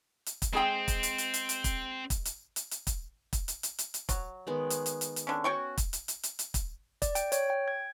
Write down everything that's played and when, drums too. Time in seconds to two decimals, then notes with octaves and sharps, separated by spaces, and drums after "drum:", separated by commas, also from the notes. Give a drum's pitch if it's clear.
0.26 drum: hi-hat
0.42 drum: kick, hi-hat
0.53 G#3 C4 G#4 G5
0.88 drum: kick, hi-hat
1.03 drum: hi-hat
1.18 drum: hi-hat
1.34 drum: hi-hat
1.49 drum: hi-hat
1.64 drum: kick, hi-hat
2.10 drum: kick, hi-hat
2.25 drum: hi-hat
2.56 drum: hi-hat
2.71 drum: hi-hat
2.87 drum: kick, hi-hat
3.33 drum: kick, hi-hat
3.48 drum: hi-hat
3.63 drum: hi-hat
3.79 drum: hi-hat
3.94 drum: hi-hat
4.09 F#3, drum: kick, hi-hat
4.47 D#3 G#3 B3
4.70 drum: hi-hat
4.86 drum: hi-hat
5.01 drum: hi-hat
5.16 drum: hi-hat
5.27 D3 C#4
5.44 C#4 F#4 C#5 G5 C#6
5.78 drum: kick, hi-hat
5.93 drum: hi-hat
6.08 drum: hi-hat
6.23 drum: hi-hat
6.39 drum: hi-hat
6.54 drum: kick, hi-hat
7.02 D5, drum: kick, hi-hat
7.15 G5, drum: hi-hat
7.32 C#5, drum: hi-hat
7.50 G5
7.68 G#6